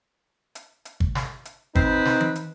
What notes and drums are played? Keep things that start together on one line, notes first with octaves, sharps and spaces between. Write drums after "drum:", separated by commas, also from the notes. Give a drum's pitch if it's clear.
drum: hi-hat
drum: hi-hat
drum: kick
drum: snare
drum: hi-hat
C4 D#4 B4, drum: kick
drum: snare
drum: tom E3
drum: hi-hat